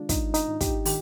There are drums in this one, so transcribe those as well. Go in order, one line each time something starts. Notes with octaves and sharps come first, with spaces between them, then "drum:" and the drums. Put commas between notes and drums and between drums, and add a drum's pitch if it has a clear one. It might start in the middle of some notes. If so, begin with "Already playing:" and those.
Already playing: D#3 G#3 D4 F4
G#2 D#4, drum: kick, hi-hat
D#4, drum: hi-hat
G#2
G4, drum: kick, hi-hat
D#3 G4, drum: open hi-hat